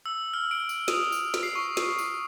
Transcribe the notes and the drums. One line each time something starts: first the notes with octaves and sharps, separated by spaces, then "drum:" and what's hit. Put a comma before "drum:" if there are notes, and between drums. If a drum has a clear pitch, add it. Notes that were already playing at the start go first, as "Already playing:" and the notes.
E6
F6
D7
drum: tambourine
D#6, drum: snare
drum: tambourine
drum: snare
C7
C#6
drum: snare
drum: tambourine